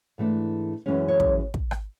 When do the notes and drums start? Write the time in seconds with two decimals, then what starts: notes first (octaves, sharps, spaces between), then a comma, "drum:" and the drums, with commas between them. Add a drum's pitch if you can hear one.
0.18 G#2 E3 A3 D4
0.86 F#2 E3 G#3 C#4
1.08 C#5
1.20 drum: kick
1.54 drum: kick
1.71 drum: rim click